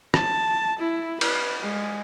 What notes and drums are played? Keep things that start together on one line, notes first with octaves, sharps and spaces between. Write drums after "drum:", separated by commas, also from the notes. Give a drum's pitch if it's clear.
A5, drum: rim click
E4
B4, drum: cymbal
G#3